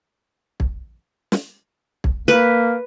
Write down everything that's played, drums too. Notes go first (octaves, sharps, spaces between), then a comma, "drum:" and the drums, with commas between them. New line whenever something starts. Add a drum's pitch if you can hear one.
drum: kick
drum: snare
drum: kick
A#3 B4